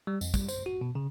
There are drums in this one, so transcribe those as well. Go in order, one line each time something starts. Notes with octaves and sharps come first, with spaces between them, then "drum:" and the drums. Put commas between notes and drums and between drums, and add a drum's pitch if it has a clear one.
G3
F2, drum: tambourine
G3, drum: kick, tambourine
C5, drum: tambourine
F#4
B2
C#3